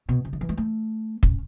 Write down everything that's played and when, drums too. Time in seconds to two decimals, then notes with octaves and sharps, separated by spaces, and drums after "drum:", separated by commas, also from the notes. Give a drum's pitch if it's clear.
0.09 B2
0.25 C#3
0.33 D3
0.41 E3
0.49 G#3
0.57 A3
1.23 C#4, drum: kick